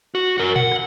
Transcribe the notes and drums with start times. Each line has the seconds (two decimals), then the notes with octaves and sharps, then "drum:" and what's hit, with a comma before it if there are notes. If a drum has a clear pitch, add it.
0.15 F#4
0.38 F#4 A#4
0.56 F#5, drum: tom A#2
0.72 drum: rim click